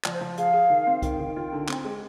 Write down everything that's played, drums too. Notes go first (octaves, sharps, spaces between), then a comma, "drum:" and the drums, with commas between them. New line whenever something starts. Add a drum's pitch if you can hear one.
F3 D5, drum: clap
C5
F3
G#4 F5, drum: hi-hat
G#4
D#3
C4
D#3 G5, drum: kick C2, hi-hat
D#3
F4
D3
C4, drum: clap
G#3